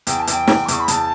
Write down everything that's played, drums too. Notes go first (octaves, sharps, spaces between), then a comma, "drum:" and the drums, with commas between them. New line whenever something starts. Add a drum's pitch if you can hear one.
E2 G5, drum: hi-hat
A5
E2 G5, drum: hi-hat
E2, drum: snare
D6
E2 C#6, drum: hi-hat
B5
E2 A5, drum: hi-hat